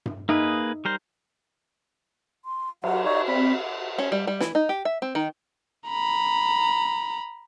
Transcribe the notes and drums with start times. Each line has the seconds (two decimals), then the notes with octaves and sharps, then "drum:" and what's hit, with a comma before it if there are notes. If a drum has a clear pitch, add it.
0.06 drum: tom G2
0.29 A#3 D#4 G#4 B4 E5
0.85 G3 A#4 C5
2.45 C6
2.84 F#3 F#5, drum: cymbal
3.05 D#4 C#5 D5
3.28 C4 D5 B5
3.98 C#4
4.12 G3
4.27 G3
4.41 E3, drum: snare
4.55 D#4
4.69 G4
4.85 E5
5.02 C4
5.15 D#3
5.88 A#5 B5